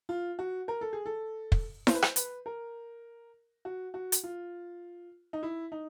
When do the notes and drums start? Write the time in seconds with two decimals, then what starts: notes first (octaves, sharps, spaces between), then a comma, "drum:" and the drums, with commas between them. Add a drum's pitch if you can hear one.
0.09 F4
0.39 F#4
0.68 A#4
0.81 A4
0.93 G#4
1.06 A4
1.52 drum: kick
1.87 C5, drum: snare
1.94 B4
2.02 C5, drum: rim click
2.16 B4, drum: hi-hat
2.46 A#4
3.65 F#4
3.94 F#4
4.12 drum: hi-hat
4.24 F4
5.33 D#4
5.43 E4
5.72 D#4